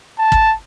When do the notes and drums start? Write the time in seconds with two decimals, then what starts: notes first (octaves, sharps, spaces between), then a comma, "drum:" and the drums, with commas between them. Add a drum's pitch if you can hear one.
0.19 A5
0.32 drum: kick